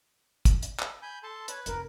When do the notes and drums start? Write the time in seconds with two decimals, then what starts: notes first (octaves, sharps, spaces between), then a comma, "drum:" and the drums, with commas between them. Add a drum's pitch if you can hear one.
0.45 drum: kick, hi-hat
0.63 drum: hi-hat
0.80 drum: clap
1.02 G#5 B5 G6
1.23 A4 A5 C6
1.48 B4 C#5, drum: hi-hat
1.66 F1 F4 A#4, drum: hi-hat